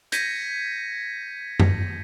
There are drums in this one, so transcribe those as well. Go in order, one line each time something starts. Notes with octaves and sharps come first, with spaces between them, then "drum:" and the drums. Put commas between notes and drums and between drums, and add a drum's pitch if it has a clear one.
G6 G#6 A#6 B6 C#7 D#7, drum: hi-hat
drum: tom F#2